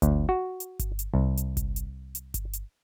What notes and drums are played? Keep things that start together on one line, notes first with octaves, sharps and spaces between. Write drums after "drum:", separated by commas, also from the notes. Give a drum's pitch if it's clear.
D2, drum: kick G1, hi-hat
F#4
drum: hi-hat
drum: kick G1, hi-hat
drum: hi-hat
C2
drum: hi-hat
drum: kick G1, hi-hat
drum: hi-hat
drum: hi-hat
drum: kick G1, hi-hat
drum: hi-hat